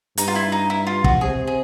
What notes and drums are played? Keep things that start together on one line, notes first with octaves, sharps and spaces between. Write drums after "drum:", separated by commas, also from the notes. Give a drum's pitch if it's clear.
G2 D#4, drum: hi-hat
F4
E4
D#4
E4
F4
F#4, drum: kick
C3 G#4
G#4